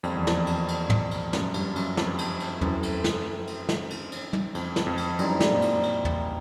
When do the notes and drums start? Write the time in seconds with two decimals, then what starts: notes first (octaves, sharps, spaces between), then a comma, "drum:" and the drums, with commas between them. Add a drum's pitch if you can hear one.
0.03 F2 G3 A#3 D4 F4, drum: cymbal
0.15 E2
0.27 F2, drum: snare
0.47 drum: cymbal
0.68 drum: cymbal
0.90 drum: tom
1.11 drum: cymbal
1.33 F#2, drum: snare
1.54 G2, drum: cymbal
1.76 F#2, drum: cymbal
1.97 F2, drum: snare
2.18 drum: cymbal
2.40 drum: cymbal
2.61 F#2 E3 A3 C4 E4, drum: tom
2.83 drum: cymbal
3.04 drum: snare
3.47 drum: cymbal
3.69 drum: snare
3.90 drum: cymbal
4.12 drum: cymbal
4.33 drum: tom
4.55 F2, drum: cymbal
4.76 drum: snare
4.87 F2
4.97 drum: cymbal
5.19 F#2 E3 G3 C4 D#4, drum: cymbal
5.40 drum: snare
5.51 A#2
5.62 drum: cymbal
5.83 drum: cymbal
6.05 drum: tom